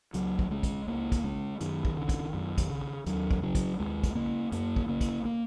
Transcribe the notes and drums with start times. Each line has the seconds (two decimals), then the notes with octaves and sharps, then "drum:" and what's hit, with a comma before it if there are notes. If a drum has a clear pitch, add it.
0.14 C#2 F#3, drum: hi-hat
0.39 drum: kick
0.51 C#3 G#3
0.63 drum: kick, hi-hat
0.87 C#2 A#3
1.12 drum: kick, hi-hat
1.24 C#3 G#3
1.61 F#2 D#3, drum: hi-hat
1.85 drum: kick
1.97 C#3
2.09 drum: kick, hi-hat
2.33 F#2
2.58 drum: kick, hi-hat
2.69 C#3
3.06 D#2 F#3, drum: hi-hat
3.31 drum: kick
3.43 C#3 F#3
3.55 drum: kick, hi-hat
3.79 D#2 G#3
4.04 drum: kick, hi-hat
4.15 C#3 A#3
4.52 F#2 A#3, drum: hi-hat
4.76 drum: kick
4.89 C#3 A#3
5.01 drum: kick, hi-hat
5.25 A#3